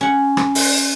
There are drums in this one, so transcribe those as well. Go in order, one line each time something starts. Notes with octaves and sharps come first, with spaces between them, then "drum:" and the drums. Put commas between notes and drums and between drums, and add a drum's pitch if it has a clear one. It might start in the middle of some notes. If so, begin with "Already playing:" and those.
C#4 F#5
drum: rim click
drum: open hi-hat